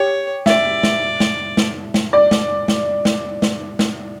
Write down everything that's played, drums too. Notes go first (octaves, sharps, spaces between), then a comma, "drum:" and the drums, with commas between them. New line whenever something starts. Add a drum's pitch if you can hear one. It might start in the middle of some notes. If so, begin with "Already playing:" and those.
Already playing: G4 C#5
D5 E5, drum: snare
drum: snare
drum: snare
drum: snare
drum: snare
D5
drum: snare
drum: snare
drum: snare
drum: snare
drum: snare